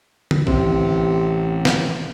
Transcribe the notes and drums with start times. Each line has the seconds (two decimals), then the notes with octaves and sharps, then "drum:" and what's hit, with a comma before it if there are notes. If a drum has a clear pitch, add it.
0.31 drum: tom D3
0.47 A1 C3, drum: kick A#1
1.65 drum: snare